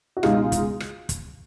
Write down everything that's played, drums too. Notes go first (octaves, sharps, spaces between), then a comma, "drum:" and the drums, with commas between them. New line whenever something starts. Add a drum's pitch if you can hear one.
F#4
C#2 B2 G#3 D#4 F4, drum: rim click
drum: kick, hi-hat
drum: rim click
drum: kick, hi-hat